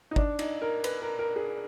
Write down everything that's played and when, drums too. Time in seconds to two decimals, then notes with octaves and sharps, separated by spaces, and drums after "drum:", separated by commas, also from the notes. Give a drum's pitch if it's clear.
0.11 D#4
0.16 D4, drum: kick
0.39 D#4, drum: cymbal
0.62 A#4
0.84 B4, drum: cymbal
1.02 A#4
1.19 A#4
1.36 G#4